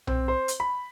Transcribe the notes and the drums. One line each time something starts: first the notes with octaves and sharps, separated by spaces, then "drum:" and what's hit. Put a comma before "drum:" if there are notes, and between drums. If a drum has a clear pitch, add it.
C4, drum: tom B1
C5
drum: hi-hat
B5